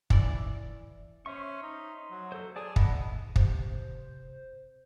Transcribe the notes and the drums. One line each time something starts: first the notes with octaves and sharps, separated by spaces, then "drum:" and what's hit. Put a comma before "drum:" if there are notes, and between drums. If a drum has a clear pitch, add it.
E3 E4 D5, drum: kick
C#4 C5 E5 C#6
D#4
F#3
A4 C5
G#4 D5 A5 D#6
B3 E4 D#5 A5, drum: kick
C3 C5, drum: kick